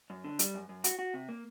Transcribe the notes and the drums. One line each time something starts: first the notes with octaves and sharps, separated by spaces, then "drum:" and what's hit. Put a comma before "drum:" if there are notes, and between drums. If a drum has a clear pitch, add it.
F#2
D3
G3, drum: hi-hat
F#2
F#2
F#4, drum: hi-hat
F#4
C3
A#3